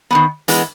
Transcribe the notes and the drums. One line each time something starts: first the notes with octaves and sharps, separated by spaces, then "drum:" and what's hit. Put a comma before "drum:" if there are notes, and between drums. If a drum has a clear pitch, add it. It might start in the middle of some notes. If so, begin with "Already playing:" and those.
D#3 G3 B3
E3 G#3 B3, drum: hi-hat